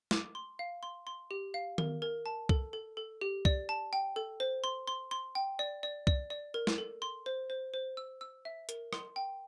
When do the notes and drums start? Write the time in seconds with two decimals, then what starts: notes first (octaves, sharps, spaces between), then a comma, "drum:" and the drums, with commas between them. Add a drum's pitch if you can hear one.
0.11 D6, drum: snare
0.35 C6
0.59 F5
0.83 C6
1.07 C6
1.31 G4
1.54 F5
1.78 A#4, drum: tom D#3
2.02 A#4
2.26 A5
2.49 A4, drum: kick C2
2.73 A4
2.97 A4
3.21 G4
3.45 D5, drum: kick C2
3.69 A5
3.93 G5
4.16 A4
4.40 C5
4.64 C6
4.87 C6
5.11 C6
5.35 G5
5.59 D5
5.83 D5
6.07 D5, drum: kick C2
6.30 D5
6.54 A#4
6.67 drum: snare
6.78 A4
7.02 C6
7.26 C5
7.50 C5
7.74 C5
7.97 E6
8.21 E6
8.45 E5
8.69 A#4, drum: hi-hat
8.93 C6, drum: rim click
9.16 G5